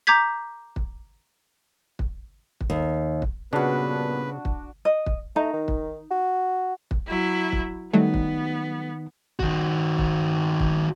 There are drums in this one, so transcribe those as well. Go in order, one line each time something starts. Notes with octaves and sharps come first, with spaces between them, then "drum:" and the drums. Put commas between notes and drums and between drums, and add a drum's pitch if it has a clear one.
A#5 D6 G6 G#6 B6
drum: kick
drum: kick
drum: kick
D#2
drum: kick
G2 A#2 C#3 B3 D4 F#4 B4
drum: kick
D#5
drum: kick
A3 D#4 A#5
D#3
drum: kick
F#4
drum: kick
F#3 E4
drum: kick
D#3 F#3 G3 A3 B3 D#4
drum: kick
D#3 F#4, drum: kick
drum: kick
drum: kick